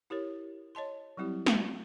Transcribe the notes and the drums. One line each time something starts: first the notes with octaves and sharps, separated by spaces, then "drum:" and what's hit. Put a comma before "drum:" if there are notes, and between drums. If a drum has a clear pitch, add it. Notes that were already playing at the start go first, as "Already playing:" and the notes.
E4 G4 A#4 C#5
C#5 D#5 A5 C6
F#3 G3 C4 E4 G4
drum: snare